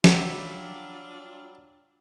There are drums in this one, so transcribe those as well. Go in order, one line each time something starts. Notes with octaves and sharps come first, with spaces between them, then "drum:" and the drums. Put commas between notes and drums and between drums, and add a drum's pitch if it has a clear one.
F#3 G3 D4 F4 E5, drum: snare